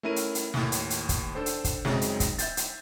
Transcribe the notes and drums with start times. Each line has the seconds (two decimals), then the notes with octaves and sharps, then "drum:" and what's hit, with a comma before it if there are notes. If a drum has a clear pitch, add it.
0.03 A3 C#4 E4 A#4 D#7
0.16 drum: hi-hat
0.35 drum: hi-hat
0.54 D#2 A2, drum: snare
0.72 drum: hi-hat
0.90 drum: hi-hat
1.09 drum: kick, hi-hat
1.35 D4 A4 C5
1.46 drum: hi-hat
1.64 drum: kick, hi-hat
1.85 F#2 C#3 G#3 C4 D#4, drum: snare
2.01 drum: hi-hat
2.20 drum: kick, hi-hat
2.39 E5 G6 A6, drum: hi-hat
2.57 drum: hi-hat